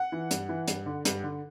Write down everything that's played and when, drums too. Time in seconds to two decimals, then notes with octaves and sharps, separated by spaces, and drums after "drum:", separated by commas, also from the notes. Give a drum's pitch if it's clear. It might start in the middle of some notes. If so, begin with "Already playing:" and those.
Already playing: F#5
0.12 E3
0.31 G2, drum: hi-hat
0.49 E3
0.68 G2, drum: hi-hat
0.86 D3
1.05 G2, drum: hi-hat
1.24 D3